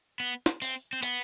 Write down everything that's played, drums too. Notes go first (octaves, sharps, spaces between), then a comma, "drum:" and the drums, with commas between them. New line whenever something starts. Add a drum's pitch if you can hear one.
B3
drum: snare
C4, drum: open hi-hat
C4
B3, drum: hi-hat